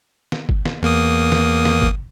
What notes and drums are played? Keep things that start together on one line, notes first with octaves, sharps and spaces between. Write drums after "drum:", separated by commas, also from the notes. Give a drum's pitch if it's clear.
drum: snare
drum: kick G1
drum: snare
E2 A#3 D#6
drum: snare
drum: snare
drum: kick G1